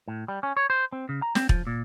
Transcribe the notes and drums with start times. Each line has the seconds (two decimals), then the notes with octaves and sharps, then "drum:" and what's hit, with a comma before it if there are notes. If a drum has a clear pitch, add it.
0.08 A2
0.28 G3
0.43 C#4
0.57 C#5
0.70 C5
0.92 C4
1.09 C#3
1.22 A#5
1.35 C4, drum: snare
1.49 F3, drum: kick
1.67 A#2